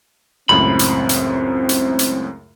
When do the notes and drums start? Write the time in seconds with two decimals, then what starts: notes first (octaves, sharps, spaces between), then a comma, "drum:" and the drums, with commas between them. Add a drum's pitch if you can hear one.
0.49 C#2 F#2 A2 C4 B5
0.79 drum: hi-hat
1.09 drum: hi-hat
1.69 drum: hi-hat
1.99 drum: hi-hat